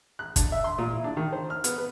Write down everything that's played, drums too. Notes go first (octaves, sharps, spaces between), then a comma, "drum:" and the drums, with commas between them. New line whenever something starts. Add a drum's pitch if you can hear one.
F#6
D4, drum: kick, hi-hat
E5
C6
A#2
E4
D4
D#3
C5
F6
B3, drum: hi-hat
B4